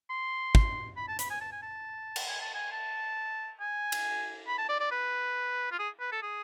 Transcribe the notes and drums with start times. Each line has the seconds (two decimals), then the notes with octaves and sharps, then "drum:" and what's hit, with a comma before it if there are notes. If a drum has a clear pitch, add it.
0.10 C6
0.55 drum: kick
0.97 B5
1.08 A5
1.19 B5, drum: hi-hat
1.30 G#5
1.41 A5
1.52 G#5
1.63 A5
2.16 drum: cymbal
2.28 G#5
2.41 A5
2.55 G#5
2.72 A5
3.60 G#5
3.92 drum: cymbal
4.47 B5
4.58 A5
4.69 D5
4.80 D5
4.91 B4
5.72 F4
5.79 G#4
6.00 B4
6.12 A4
6.23 G#4